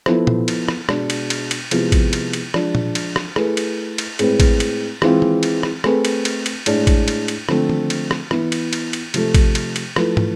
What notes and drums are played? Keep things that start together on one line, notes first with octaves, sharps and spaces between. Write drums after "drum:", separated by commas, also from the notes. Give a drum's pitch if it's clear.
F3 B3 E4 A4 C5, drum: rim click
drum: tom A#2
drum: cymbal
drum: rim click
B2 G#3 D4, drum: rim click
drum: cymbal
drum: cymbal
drum: cymbal
C3 F3 G#3 B3 E4, drum: cymbal
drum: kick A1, cymbal
drum: cymbal
drum: cymbal
F3 G#3 D4, drum: rim click
drum: tom A#2
drum: cymbal
drum: rim click
A3 E4 G#4 B4, drum: rim click
drum: cymbal
drum: cymbal
A2 G#3 C4 G#4 B4, drum: cymbal
drum: kick A1, cymbal
drum: cymbal
E3 G#3 C4 F4, drum: rim click
drum: tom D#3
drum: cymbal
drum: rim click
A3 C4 G#4 B4, drum: rim click
drum: cymbal
drum: cymbal
drum: cymbal
A2 G#3 D4, drum: cymbal
drum: kick A1, cymbal
drum: cymbal
drum: cymbal
D3 F3 A3 C4, drum: rim click
drum: tom D#3
drum: cymbal
drum: rim click
E3 B3 E4, drum: rim click
drum: cymbal
drum: cymbal
drum: cymbal
C3 F3 A3, drum: cymbal
drum: kick A1, cymbal
drum: cymbal
drum: cymbal
F3 A3 E4 B4, drum: rim click
drum: tom